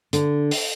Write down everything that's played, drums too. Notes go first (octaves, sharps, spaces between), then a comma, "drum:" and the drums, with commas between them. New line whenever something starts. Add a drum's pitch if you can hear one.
D3, drum: hi-hat
drum: open hi-hat